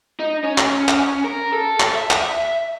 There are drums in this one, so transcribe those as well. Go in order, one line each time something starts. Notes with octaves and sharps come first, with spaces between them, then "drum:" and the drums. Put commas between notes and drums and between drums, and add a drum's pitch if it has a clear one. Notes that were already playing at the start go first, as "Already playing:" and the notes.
D#4
C#4
drum: clap
drum: clap
A#4
A4
drum: clap
E5
drum: clap